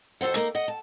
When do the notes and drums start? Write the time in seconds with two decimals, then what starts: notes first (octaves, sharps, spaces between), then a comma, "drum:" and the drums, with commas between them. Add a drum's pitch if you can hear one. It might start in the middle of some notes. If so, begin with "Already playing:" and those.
0.21 F2 F#4 A4 C5 F#5
0.34 A#3 D#4 A#4, drum: hi-hat
0.55 D#5 F#5
0.68 A5